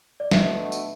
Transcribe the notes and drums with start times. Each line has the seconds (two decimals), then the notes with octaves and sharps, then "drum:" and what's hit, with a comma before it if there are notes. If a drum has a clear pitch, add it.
0.20 D5
0.31 B2 A3 D4 F#4 E5, drum: snare
0.72 drum: tambourine